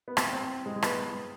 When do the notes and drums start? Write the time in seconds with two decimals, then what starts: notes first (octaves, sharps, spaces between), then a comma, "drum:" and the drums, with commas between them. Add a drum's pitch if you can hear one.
0.08 B3
0.17 C4, drum: rim click
0.33 C4
0.66 G#3
0.76 G#3
0.83 B3, drum: rim click